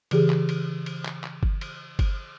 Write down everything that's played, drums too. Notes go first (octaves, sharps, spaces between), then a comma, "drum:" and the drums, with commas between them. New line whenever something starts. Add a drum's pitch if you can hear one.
C#3 E3 G4 G#4, drum: cymbal
drum: clap
drum: cymbal
drum: cymbal
drum: clap
drum: clap
drum: kick G1
drum: cymbal
drum: kick G1, cymbal